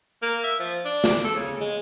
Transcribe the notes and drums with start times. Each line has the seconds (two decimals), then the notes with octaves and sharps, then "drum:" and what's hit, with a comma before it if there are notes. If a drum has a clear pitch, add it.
0.22 A#3
0.44 E5
0.60 F3
0.85 D4
1.04 drum: snare
1.24 A4
1.35 C#3
1.61 G#3